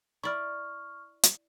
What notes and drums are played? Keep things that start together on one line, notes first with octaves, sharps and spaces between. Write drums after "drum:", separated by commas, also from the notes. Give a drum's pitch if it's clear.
E4 D5 C#6 F6
drum: hi-hat